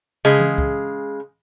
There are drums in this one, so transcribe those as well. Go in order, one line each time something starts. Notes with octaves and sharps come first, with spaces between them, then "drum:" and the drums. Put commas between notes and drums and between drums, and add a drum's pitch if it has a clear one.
C#3 G#3
drum: tom E3
drum: kick C2